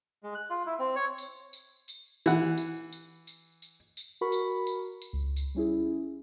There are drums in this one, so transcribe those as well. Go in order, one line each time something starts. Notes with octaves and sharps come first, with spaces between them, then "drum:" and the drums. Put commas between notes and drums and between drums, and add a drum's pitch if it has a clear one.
G#3
F#6
F4
E4
C4
C#5
drum: tambourine
drum: tambourine
drum: tambourine
E3 F#5, drum: tambourine
drum: tambourine
drum: tambourine
drum: tambourine
drum: tambourine
drum: tambourine
F#4 A#4 B5 C#6
drum: tambourine
drum: tambourine
drum: tambourine
C#2
drum: tambourine
G3 C#4 E4 G#4